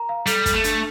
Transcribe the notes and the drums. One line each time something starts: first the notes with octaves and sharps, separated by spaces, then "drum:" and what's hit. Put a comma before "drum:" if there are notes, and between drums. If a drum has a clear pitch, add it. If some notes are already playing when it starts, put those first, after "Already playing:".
Already playing: A#4 A#5
F5
G3 A4, drum: hi-hat
A4, drum: kick, hi-hat
A3
D4, drum: hi-hat